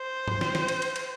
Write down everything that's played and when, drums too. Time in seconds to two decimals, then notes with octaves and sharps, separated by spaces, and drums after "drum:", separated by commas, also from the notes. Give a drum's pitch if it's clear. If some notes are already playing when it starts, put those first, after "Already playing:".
Already playing: C5
0.28 drum: tom G2
0.41 drum: snare
0.55 drum: snare
0.68 drum: cymbal
0.82 drum: cymbal
0.96 drum: cymbal